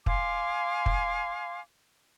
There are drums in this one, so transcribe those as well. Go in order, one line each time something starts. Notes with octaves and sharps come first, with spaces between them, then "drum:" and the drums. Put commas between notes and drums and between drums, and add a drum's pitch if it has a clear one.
F5 G#5 C6 D6, drum: kick
drum: kick